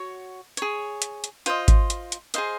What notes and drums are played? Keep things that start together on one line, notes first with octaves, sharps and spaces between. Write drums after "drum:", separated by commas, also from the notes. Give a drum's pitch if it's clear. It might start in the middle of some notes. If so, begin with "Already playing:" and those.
Already playing: F#4 C#5
G#4 C#5, drum: hi-hat
drum: hi-hat
drum: hi-hat
F4 C5 D#5, drum: hi-hat
drum: kick G#1, hi-hat
drum: hi-hat
drum: hi-hat
G#4 C5 D#5 F5, drum: hi-hat